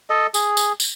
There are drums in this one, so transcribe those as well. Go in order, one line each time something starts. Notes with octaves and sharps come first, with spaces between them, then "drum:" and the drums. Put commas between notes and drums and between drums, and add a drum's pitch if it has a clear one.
A4 D#5
G#4, drum: tambourine
drum: tambourine
drum: tambourine